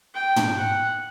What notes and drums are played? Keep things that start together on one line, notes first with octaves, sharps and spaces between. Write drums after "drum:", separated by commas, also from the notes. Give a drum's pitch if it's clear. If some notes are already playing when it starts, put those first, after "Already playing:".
G5
drum: tom
F#5